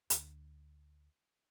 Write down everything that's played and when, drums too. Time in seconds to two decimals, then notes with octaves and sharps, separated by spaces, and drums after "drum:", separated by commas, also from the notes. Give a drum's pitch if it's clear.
0.10 D2, drum: hi-hat